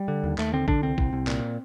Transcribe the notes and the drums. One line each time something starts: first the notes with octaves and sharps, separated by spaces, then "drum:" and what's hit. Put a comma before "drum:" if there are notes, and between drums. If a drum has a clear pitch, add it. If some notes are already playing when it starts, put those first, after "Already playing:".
Already playing: G3
D3
D#2
D#2 A3, drum: clap
D3 C4
D3 D4, drum: kick A1
C2 C4
C2, drum: kick A1
C2
A#2, drum: clap